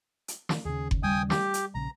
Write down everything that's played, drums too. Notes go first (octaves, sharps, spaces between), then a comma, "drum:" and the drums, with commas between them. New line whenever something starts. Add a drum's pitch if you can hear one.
drum: hi-hat
drum: snare
D#2 C#3 G#4
drum: kick F#1
G3 G5 G#5 D#6
G4, drum: snare
drum: hi-hat
A#1 C#3 A#5